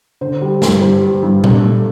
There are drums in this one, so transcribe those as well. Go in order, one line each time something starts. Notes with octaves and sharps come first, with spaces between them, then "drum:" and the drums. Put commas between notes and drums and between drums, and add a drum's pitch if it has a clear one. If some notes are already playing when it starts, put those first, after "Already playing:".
D3 C5
G3
G2, drum: snare
G2 C5
G3
G2
D4, drum: tom A#2
A3